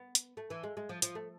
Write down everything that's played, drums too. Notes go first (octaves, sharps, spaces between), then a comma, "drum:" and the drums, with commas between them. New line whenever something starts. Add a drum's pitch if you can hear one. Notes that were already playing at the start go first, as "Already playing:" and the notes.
Already playing: B3
drum: hi-hat
A3
E3
G#3
G#3
F3
F3, drum: hi-hat
A3